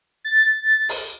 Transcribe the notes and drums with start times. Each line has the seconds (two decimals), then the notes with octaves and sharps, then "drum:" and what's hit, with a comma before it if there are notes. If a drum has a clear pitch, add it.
0.24 A6
0.89 drum: open hi-hat